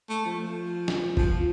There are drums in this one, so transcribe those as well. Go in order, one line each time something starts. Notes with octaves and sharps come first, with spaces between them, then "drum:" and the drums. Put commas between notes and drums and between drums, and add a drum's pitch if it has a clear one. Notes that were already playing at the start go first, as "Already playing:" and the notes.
A3
F3
drum: snare
F3, drum: kick F#1